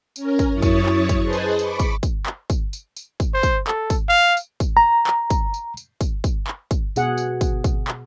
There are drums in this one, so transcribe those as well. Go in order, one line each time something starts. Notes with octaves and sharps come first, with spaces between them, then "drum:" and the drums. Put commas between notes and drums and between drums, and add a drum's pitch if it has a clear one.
C#4 A#4, drum: tambourine
drum: kick, tambourine
F#2 E4 C#5 C#6 D#6 A6
drum: kick, tambourine
drum: clap
drum: kick, tambourine
G#4 B4 C5 D#5 A5
drum: tambourine
B5 C#6 D6, drum: tambourine
drum: kick, tambourine
drum: kick, tambourine
drum: clap
drum: kick, tambourine
drum: tambourine
drum: tambourine
drum: kick, tambourine
C5
drum: kick, tambourine
A4, drum: clap
drum: kick, tambourine
F5
drum: tambourine
drum: kick, tambourine
A#5
drum: clap
drum: kick, tambourine
drum: tambourine
drum: tambourine
drum: kick, tambourine
drum: kick, tambourine
drum: clap
drum: kick, tambourine
B2 G#4 F#5, drum: tambourine
drum: tambourine
drum: kick, tambourine
drum: kick, tambourine
drum: clap